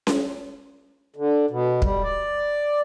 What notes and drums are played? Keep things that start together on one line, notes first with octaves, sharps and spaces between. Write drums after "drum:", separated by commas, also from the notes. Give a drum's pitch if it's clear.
drum: snare C#4
D3
B2
G3, drum: kick
D5